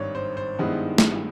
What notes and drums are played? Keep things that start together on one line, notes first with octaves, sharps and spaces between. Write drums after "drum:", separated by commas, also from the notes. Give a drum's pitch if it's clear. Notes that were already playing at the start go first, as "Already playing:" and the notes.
Already playing: G#1 G2 C#5 D5
C5
C5
G2 D#3 G#3 B3 E4
drum: snare